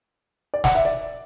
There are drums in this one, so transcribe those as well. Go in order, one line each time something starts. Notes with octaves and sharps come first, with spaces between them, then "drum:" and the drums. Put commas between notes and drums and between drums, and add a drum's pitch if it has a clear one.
D5
F#5, drum: snare
E5
D5